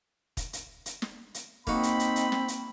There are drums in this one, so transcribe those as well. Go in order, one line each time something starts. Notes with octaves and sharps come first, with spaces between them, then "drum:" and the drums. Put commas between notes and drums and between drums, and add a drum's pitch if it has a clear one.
drum: kick, hi-hat
drum: hi-hat
drum: hi-hat
drum: snare
drum: hi-hat
A#3 C4 D#4 F#4 B5, drum: kick
drum: hi-hat
drum: hi-hat
drum: hi-hat
drum: snare
drum: hi-hat